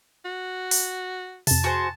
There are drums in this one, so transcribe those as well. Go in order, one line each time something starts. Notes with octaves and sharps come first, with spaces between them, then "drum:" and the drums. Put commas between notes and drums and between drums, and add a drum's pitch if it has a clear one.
F#4
drum: open hi-hat
F2 C3 A5, drum: open hi-hat
F#4 G#4 C5